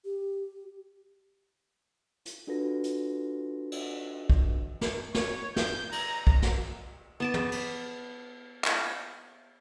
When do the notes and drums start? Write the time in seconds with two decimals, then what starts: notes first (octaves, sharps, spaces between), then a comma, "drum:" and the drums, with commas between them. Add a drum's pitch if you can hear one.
0.05 G4
2.25 drum: hi-hat
2.47 D4 F4 F#4 A4 B4 A#6
2.84 drum: hi-hat
3.72 drum: cymbal
4.30 drum: kick
4.81 drum: snare
5.14 C#5, drum: snare
5.56 G6, drum: snare
5.92 A#5, drum: cymbal
6.27 drum: kick
6.42 drum: snare
7.20 B3 A5 D6
7.34 drum: tom
7.52 drum: cymbal
8.64 drum: clap